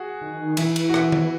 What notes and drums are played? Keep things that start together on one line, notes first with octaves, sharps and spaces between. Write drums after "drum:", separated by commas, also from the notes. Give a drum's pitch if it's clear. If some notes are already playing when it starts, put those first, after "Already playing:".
Already playing: F#4 G#4
D#3
E3 E4, drum: cymbal
drum: cymbal
F#4
E4, drum: rim click
drum: tom D#3